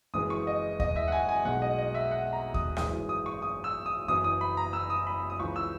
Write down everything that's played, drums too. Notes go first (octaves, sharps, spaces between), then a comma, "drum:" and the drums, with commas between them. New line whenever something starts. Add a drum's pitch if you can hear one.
F#1 F#2 E3 G#3 D#6
C#6
D#5
D#5, drum: kick D#2
E5
F#5
G#5
G#5
B1 B2 G#3 F#5
D#5
D#5
E5
F#5
A#5
D#6, drum: kick D#2
G#1 F#2 E3 G#3 D#6, drum: rim click
D#6
C#6
D#6
E6
D#6
F#1 F#2 E3 D#6
D#6
B5
A#5
E6
D#6
B5
D#6
C#2 C#3 E3 C#6
E6